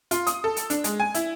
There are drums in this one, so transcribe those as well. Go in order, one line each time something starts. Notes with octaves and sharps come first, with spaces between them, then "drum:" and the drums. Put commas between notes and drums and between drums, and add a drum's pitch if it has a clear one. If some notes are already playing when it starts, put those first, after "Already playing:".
F4, drum: hi-hat
D#6, drum: hi-hat
A4
drum: hi-hat
D4, drum: hi-hat
G#3, drum: hi-hat
G#5
E4, drum: hi-hat